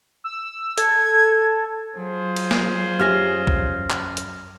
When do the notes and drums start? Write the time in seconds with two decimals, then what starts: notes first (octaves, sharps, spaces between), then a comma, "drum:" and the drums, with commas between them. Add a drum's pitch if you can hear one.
0.24 E6
0.78 A4 G#6, drum: hi-hat
1.95 F#3 F4 G#4 C5
2.36 drum: cymbal
2.51 drum: snare
2.99 F#2 G4 G#5 F6 A#6
3.47 drum: kick A#1
3.90 drum: clap
4.17 drum: hi-hat